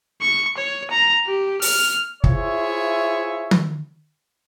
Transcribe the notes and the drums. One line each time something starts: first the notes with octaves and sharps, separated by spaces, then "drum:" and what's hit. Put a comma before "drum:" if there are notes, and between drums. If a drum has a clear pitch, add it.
C#6
C#5
A#5
G4
F6, drum: open hi-hat
E4 F4 G#4 C5 C#5 E5, drum: kick
drum: tom D#3